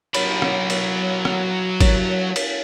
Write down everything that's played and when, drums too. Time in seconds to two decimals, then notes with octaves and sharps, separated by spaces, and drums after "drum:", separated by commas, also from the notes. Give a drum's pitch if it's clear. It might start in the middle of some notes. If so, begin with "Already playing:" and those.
0.14 F#3 B5, drum: cymbal
0.42 drum: rim click
0.70 drum: cymbal
1.25 drum: rim click
1.81 drum: kick, cymbal
2.36 drum: cymbal